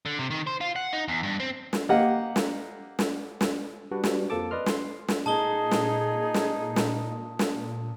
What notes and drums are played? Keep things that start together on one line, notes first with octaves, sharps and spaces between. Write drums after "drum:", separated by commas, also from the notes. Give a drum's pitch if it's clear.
D3
C3
D#3
C5
F4
F#5
D#4
E2
G2
C4
drum: snare
A#3 G4 D#5 F#5
drum: snare
drum: snare
drum: snare
G3 D4 F#4 B4
drum: snare
F2 F3 A#3 A4 A5 D6
B4 D5 D#5 C6 F6
C6, drum: snare
drum: snare
A#2 D#4 G#4 A5 D#6 G7
drum: snare
drum: snare
drum: snare
drum: snare